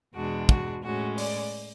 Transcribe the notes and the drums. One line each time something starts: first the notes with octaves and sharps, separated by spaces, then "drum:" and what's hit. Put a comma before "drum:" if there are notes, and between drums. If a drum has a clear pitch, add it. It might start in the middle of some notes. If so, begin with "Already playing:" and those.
E2 B2 G#3 D4 F#4
F#4, drum: kick
A2 G#3 C#4 F#4
D5, drum: open hi-hat